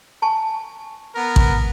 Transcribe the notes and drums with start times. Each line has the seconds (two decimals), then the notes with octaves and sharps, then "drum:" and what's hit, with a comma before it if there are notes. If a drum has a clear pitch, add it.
0.22 G#5 A5 C#6
1.15 B3 A#4
1.36 drum: kick A1